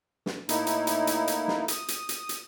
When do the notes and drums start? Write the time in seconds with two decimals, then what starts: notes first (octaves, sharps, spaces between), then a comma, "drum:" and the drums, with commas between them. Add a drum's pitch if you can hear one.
0.26 drum: snare
0.49 A2 A#3 D#4 E4, drum: hi-hat
0.67 drum: hi-hat
0.87 drum: hi-hat
1.07 drum: hi-hat
1.28 drum: hi-hat
1.48 drum: snare
1.68 D#6, drum: hi-hat
1.88 drum: hi-hat
2.09 drum: hi-hat
2.29 drum: hi-hat